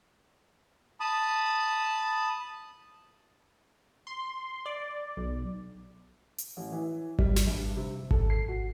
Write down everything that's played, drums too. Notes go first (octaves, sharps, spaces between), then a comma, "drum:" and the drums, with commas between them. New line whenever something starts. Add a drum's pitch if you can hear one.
A5 B5 D#6
C6
D5
B1
drum: hi-hat
A1
E3
G3, drum: kick G#1
drum: snare
G2
C3
A4, drum: kick G#1
C7
F#4